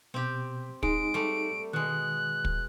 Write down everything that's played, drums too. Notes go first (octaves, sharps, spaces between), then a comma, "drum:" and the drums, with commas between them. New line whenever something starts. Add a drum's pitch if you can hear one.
B2 C4 G4
G#3 D#4 G#4 D7, drum: kick
G3 A3
B2 D#3 G#3 F#6
drum: kick